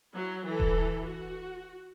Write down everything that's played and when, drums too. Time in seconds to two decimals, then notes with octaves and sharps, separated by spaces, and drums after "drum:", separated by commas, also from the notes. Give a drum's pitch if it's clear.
0.14 F#3 E4
0.45 E3 A4
0.60 drum: kick D#1
1.04 F#4